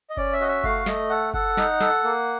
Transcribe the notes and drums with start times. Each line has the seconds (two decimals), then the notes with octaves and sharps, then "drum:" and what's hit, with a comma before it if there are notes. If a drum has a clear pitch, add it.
0.10 D#5
0.17 C#4 D5, drum: kick F#1
0.33 E5
0.40 F#4 D#5
0.48 E5
0.64 A3 F5, drum: kick F#1
0.86 A3 D#5, drum: snare
1.10 A4 F#5
1.34 A4 F#5, drum: kick F#1
1.57 D#4, drum: snare
1.81 A4, drum: snare
2.04 A#3